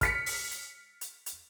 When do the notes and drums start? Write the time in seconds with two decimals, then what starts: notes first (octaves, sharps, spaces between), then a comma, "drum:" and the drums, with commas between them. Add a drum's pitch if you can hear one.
0.01 F6 B6 C#7, drum: kick, hi-hat
0.26 drum: open hi-hat
0.51 drum: hi-hat
1.01 drum: hi-hat
1.26 drum: hi-hat